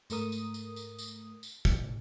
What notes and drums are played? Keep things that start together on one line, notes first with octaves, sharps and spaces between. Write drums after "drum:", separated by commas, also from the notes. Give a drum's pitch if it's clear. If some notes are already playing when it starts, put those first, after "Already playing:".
G#2 A3 A#4 D#6, drum: tambourine
drum: tambourine
drum: tambourine
drum: tambourine
drum: tambourine
drum: tambourine
drum: kick, tambourine